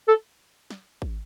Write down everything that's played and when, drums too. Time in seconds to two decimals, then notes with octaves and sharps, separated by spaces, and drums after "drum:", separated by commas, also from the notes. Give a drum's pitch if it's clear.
0.08 A4
0.70 drum: snare
1.02 drum: kick G#1